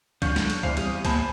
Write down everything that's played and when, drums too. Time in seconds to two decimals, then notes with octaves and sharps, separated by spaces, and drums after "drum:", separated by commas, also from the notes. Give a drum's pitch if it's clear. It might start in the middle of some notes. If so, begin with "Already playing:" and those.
0.22 D3 F#3 C#4 D4 F5 G6, drum: kick, cymbal
0.36 drum: snare
0.50 drum: cymbal
0.63 E2 C5 F5, drum: kick
0.77 G3 C4 D#6, drum: cymbal
1.05 A#3 B3 C5 G#5 A5 B5, drum: kick, cymbal